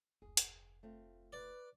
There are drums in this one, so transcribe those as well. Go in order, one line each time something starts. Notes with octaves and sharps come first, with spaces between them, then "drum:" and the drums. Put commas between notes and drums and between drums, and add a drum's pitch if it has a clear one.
F1 D2 G#4
drum: hi-hat
A3 C4 F4
B4 D5